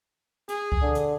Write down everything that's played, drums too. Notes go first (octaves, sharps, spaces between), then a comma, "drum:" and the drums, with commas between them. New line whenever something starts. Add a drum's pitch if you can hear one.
G#4, drum: hi-hat
drum: kick C#2
D3
drum: hi-hat